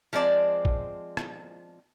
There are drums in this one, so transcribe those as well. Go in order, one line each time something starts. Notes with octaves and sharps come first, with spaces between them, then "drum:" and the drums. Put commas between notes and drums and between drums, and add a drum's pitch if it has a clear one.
F3 G#3 C4 D5 A5
drum: kick
drum: rim click